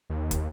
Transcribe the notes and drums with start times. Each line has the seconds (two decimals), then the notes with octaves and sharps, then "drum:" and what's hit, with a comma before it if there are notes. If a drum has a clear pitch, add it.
0.10 D#2
0.31 drum: kick, hi-hat